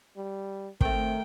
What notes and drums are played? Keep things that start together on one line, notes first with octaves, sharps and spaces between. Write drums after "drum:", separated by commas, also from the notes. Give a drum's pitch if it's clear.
G3
D#3 A3 C4 G5, drum: kick